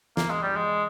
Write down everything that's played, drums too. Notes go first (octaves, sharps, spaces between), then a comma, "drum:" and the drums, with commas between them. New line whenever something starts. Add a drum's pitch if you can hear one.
A#3, drum: snare
G#3
G3
G#3